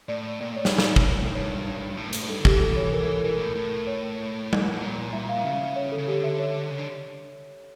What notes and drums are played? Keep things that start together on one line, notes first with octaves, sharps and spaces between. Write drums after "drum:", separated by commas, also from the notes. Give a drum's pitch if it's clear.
A2 D5
A#2 D5
A2 C#5
G2, drum: snare
A2, drum: snare
drum: kick
G2 C#5
A2
A#2
A2, drum: hi-hat
G2 A4
D3
G4, drum: kick
E3
A4
C#5
A#4
A4
E3 A#4
G2
A2
A2
C#5
drum: tom G3
A2
A#2
E5
F5
C#3 E5
C#5
A4
C#3
D3 G4
E5
C#5
C#3
D3